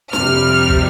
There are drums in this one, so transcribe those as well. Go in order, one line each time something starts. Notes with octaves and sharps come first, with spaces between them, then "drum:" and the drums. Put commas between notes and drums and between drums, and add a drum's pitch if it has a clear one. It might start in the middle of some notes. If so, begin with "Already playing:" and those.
F2 C3 G3 F6, drum: snare
drum: kick